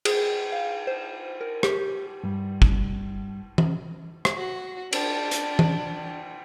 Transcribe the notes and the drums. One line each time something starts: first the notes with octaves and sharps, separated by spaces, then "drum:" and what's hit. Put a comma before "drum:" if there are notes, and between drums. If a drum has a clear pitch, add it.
G#4, drum: cymbal
F5
C5
A#4
G4, drum: rim click
G2 G3
drum: kick
drum: tom
drum: rim click
F#4
D4, drum: cymbal
drum: hi-hat
drum: tom